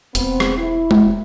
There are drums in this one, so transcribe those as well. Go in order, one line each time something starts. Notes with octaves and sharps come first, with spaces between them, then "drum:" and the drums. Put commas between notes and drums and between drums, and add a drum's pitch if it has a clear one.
E1 B3 C4, drum: hi-hat
drum: rim click
E4
drum: tom G#3